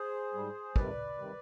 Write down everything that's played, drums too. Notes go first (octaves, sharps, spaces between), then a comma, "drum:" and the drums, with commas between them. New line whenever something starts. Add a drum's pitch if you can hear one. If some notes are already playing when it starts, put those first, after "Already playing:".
Already playing: G#4 C5
G#2 G3
F2 C3 D#3 G3 B4 D5, drum: kick
C3 D#3 G3